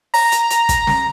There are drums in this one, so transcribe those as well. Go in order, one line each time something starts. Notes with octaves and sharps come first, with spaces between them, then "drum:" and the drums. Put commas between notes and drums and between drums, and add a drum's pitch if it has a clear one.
A#5, drum: open hi-hat
drum: hi-hat
drum: hi-hat
drum: kick, hi-hat
drum: snare